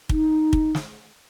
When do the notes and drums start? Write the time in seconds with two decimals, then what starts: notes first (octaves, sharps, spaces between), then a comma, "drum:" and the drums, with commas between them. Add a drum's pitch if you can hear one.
0.09 D#4, drum: kick
0.53 drum: kick
0.75 drum: snare